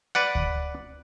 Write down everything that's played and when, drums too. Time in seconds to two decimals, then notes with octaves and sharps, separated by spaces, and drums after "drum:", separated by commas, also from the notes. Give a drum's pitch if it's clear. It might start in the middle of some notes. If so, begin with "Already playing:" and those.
0.15 B4 D5 F#5
0.35 drum: kick D2